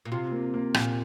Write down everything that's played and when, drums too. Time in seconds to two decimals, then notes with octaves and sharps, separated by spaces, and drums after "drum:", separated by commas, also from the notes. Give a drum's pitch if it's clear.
0.05 A#2
0.12 C3 F4
0.32 A#3
0.54 A#3
0.74 A#2, drum: rim click